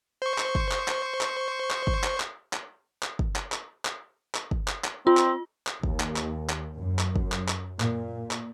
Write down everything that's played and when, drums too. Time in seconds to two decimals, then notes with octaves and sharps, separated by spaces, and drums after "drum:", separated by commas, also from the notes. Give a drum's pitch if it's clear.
0.22 C5 C#6
0.38 drum: clap
0.55 drum: kick
0.72 drum: clap
0.88 drum: clap
1.21 drum: clap
1.71 drum: clap
1.87 drum: kick
2.04 drum: clap
2.20 drum: clap
2.53 drum: clap
3.03 drum: clap
3.19 drum: kick
3.36 drum: clap
3.52 drum: clap
3.85 drum: clap
4.35 drum: clap
4.51 drum: kick
4.68 drum: clap
4.84 drum: clap
5.07 C4 F4
5.17 drum: clap
5.67 drum: clap
5.83 D#2, drum: kick
6.00 drum: clap
6.16 drum: clap
6.50 drum: clap
6.78 F#2
6.99 drum: clap
7.16 drum: kick
7.32 drum: clap
7.49 drum: clap
7.80 A#2, drum: clap
8.31 drum: clap